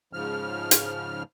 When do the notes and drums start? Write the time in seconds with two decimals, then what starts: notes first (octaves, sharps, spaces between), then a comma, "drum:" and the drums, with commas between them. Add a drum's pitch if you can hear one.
0.13 G#2 C#3 F3 F6
0.71 drum: hi-hat